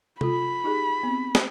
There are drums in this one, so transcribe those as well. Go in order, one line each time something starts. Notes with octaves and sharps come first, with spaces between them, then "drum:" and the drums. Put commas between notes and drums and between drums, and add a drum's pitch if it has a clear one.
F4 A4 B5, drum: tom C3
D#4 G4 G#4
B3 C4
drum: snare